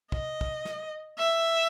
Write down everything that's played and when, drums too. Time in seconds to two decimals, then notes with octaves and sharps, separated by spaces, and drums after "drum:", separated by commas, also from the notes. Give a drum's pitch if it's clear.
0.12 D#5, drum: kick
0.41 drum: kick
0.65 drum: snare
1.19 E5